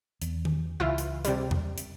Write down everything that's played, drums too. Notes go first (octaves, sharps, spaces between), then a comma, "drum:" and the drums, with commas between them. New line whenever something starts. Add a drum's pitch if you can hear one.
E2, drum: hi-hat
drum: tom D#3
C#2 E3 E4 F4
drum: hi-hat
C3 G3, drum: hi-hat
drum: tom E2
drum: hi-hat